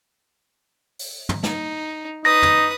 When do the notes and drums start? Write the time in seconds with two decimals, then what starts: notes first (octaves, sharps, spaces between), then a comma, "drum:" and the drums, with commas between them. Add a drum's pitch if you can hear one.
0.99 drum: open hi-hat
1.29 drum: tom
1.43 D#4, drum: snare
2.25 D#4 B4 D#6 A#6
2.43 drum: tom